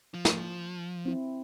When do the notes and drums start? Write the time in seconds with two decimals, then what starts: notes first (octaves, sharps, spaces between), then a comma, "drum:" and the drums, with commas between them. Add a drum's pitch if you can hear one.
0.14 F3
0.25 drum: snare
1.05 C4 E4